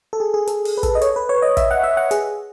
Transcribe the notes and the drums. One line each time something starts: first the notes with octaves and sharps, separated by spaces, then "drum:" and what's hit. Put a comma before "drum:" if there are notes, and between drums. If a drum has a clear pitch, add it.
A4
G#4
G#4
A4, drum: hi-hat
drum: open hi-hat
B4
A4, drum: kick, hi-hat
D#5
C#5, drum: hi-hat
B4
C#5
D#5
E5, drum: kick, hi-hat
F#5
E5
F#5
G#4, drum: hi-hat